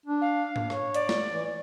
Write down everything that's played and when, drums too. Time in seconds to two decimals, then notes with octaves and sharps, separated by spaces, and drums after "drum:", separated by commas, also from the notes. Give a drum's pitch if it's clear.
0.06 D4
0.21 F5
0.56 drum: tom G#2
0.70 C#5, drum: rim click
0.94 D5, drum: hi-hat
1.09 drum: snare
1.32 E3